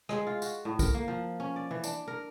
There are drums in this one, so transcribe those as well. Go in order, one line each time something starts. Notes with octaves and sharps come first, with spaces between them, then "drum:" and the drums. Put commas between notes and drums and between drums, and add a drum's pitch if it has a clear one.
G#3, drum: rim click
F4
F#4, drum: tambourine
A2
A#4, drum: kick, tambourine
A#3
F3
C#4
D5
E3
D4, drum: tambourine
A#4